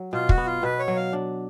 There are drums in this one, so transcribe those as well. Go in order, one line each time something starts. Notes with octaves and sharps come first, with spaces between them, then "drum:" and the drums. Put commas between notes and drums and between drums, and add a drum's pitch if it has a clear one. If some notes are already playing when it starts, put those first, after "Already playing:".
Already playing: F#3
B2 F4
F#4, drum: kick
B3
F4
B2 B4
C#5
F#3
F5
D4